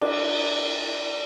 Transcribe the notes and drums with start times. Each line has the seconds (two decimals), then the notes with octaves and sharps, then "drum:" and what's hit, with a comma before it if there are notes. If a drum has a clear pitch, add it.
0.01 D4, drum: cymbal